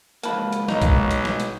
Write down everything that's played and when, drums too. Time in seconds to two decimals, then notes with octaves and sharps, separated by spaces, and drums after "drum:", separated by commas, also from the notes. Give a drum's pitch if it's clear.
0.23 C#2 F3 A#3 B4 A5, drum: hi-hat
0.53 drum: hi-hat
0.68 B1 D#4, drum: snare
0.82 drum: kick A#1, hi-hat
1.11 drum: hi-hat
1.25 drum: snare
1.40 drum: hi-hat